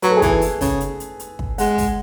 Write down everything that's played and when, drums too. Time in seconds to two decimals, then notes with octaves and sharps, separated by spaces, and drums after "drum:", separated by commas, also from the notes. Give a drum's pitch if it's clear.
0.02 F#3 B4, drum: hi-hat
0.10 A4
0.17 G#4
0.22 E3 A4, drum: kick, hi-hat
0.41 drum: open hi-hat
0.61 C#3, drum: kick, open hi-hat
0.80 drum: hi-hat
1.00 drum: hi-hat
1.20 drum: hi-hat
1.39 drum: kick
1.58 G#3 F#5, drum: open hi-hat
1.78 drum: kick, open hi-hat